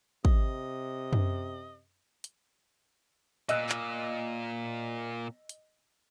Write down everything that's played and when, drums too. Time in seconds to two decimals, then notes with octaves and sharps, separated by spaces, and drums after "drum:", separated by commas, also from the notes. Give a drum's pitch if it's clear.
0.25 C3 D#5, drum: kick
1.13 drum: tom F#2
2.24 drum: hi-hat
3.49 A#2 D#5 E6 F#6, drum: hi-hat
3.69 drum: clap
5.49 drum: hi-hat